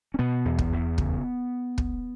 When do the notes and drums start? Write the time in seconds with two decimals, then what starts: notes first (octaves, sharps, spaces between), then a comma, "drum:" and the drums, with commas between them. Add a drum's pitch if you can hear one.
0.14 C#4
0.19 B2 B3
0.45 E2
0.59 drum: kick
0.72 E2
0.98 C#3, drum: kick
1.78 drum: kick